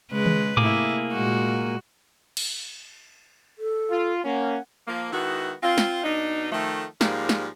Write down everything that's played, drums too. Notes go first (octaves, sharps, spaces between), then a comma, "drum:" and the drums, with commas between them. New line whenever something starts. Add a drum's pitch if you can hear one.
C#3 G#3 B4
drum: tom D#3
C3 A3 A#3 E4 G#4 D6, drum: tom G#2
A#2 G#3 F#4
drum: cymbal
A4
F4
A#3 C#4 F#5
F3 A#3
D#3 G#3 B3 E4 F#4
C4 F4
drum: snare
B2 D4 D#4
D#3 F3 A3
G#2 F3 G3 A#3, drum: snare
drum: snare